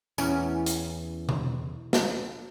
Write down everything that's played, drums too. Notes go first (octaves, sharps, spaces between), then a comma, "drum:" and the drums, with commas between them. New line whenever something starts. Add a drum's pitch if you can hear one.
E2 C#4, drum: tambourine
drum: hi-hat
drum: tom B2
drum: snare